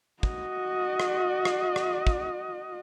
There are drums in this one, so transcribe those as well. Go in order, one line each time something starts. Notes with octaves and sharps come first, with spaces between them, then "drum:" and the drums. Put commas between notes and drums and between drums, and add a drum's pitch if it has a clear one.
F#4 D#5, drum: kick
drum: rim click
drum: rim click
drum: rim click
drum: kick